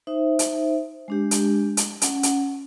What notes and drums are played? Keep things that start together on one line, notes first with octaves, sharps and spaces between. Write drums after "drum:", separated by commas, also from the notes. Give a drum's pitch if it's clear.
D#4 C5 E5
drum: hi-hat
G#3 D4 G4
drum: hi-hat
drum: hi-hat
C#4 F#5, drum: hi-hat
drum: hi-hat